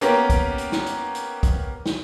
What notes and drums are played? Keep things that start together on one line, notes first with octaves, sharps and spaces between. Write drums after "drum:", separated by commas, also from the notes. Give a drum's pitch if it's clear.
A#3 B3 C#4 G4 A#4, drum: hi-hat
drum: kick, hi-hat
drum: hi-hat
drum: snare
drum: hi-hat
drum: hi-hat
drum: kick, hi-hat
drum: snare